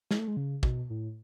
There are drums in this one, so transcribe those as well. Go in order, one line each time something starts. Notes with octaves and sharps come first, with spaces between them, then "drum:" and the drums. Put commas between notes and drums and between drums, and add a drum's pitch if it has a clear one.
G#3, drum: snare
A3
G#3
C#3
B2, drum: kick
A2